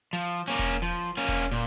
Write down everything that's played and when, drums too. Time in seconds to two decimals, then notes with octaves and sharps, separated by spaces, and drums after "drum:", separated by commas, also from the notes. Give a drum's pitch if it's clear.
0.13 F3
0.48 A#3 C#4
0.59 drum: kick E1
0.82 F3
1.17 A#3 C#4
1.28 drum: kick E1
1.51 A#2